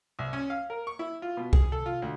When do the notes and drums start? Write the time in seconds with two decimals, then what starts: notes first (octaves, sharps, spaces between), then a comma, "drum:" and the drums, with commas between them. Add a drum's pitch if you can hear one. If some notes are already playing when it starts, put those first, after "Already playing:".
0.19 C2
0.33 C#4
0.50 F5
0.70 A#4
0.87 C#6
0.99 E4
1.22 F4
1.37 B2
1.53 G#4, drum: kick B1
1.72 A4
1.86 F4
2.02 D2